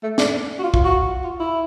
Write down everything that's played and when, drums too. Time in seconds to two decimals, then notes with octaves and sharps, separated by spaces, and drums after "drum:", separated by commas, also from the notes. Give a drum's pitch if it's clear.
0.03 A3
0.18 D4, drum: snare
0.59 F#4
0.63 F4
0.74 F4, drum: kick
0.84 F#4
1.24 F4
1.40 E4